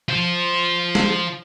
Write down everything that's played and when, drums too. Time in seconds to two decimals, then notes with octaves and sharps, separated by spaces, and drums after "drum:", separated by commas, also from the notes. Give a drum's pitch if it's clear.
0.09 F4 C5
0.95 drum: snare